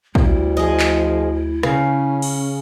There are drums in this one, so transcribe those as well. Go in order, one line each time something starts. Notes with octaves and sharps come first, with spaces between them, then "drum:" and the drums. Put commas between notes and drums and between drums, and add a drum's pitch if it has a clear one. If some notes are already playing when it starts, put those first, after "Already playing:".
D2 G3 E4, drum: kick A#1
F3 G#4 D#5
drum: clap
C#3 C#4, drum: rim click
drum: cymbal